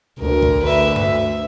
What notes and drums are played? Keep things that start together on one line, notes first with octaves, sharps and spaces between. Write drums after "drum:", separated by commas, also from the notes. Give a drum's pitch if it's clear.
D2 A#4
drum: kick A1
B4 E5
E5, drum: tom G2